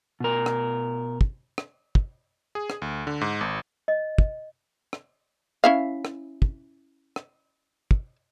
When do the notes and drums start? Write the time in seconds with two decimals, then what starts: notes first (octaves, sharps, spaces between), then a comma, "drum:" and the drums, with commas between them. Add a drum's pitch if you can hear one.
0.20 B2 A#4
0.46 drum: rim click
1.21 drum: kick
1.58 drum: rim click
1.95 drum: kick
2.55 G#4
2.70 drum: rim click
2.82 D2
3.07 D3
3.21 G#2
3.41 G#1
3.88 D#5
4.18 drum: kick
4.93 drum: rim click
5.64 C#4 E4 F5
6.05 drum: rim click
6.42 drum: kick
7.16 drum: rim click
7.91 drum: kick